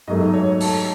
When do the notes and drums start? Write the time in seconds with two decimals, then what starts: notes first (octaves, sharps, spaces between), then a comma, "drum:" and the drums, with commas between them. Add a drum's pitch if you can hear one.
0.07 G#2 F#3 A3 D#5
0.34 C#5
0.60 A4, drum: open hi-hat